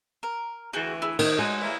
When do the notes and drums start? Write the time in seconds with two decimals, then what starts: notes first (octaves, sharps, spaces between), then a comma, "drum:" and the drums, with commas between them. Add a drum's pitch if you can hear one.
0.23 A#4
0.73 D2 E3 F#4 G#4 G5
1.02 E4 G#4
1.19 D#3 C#5, drum: cymbal
1.39 G#3 D#4 F#4
1.61 E3 A#3 E4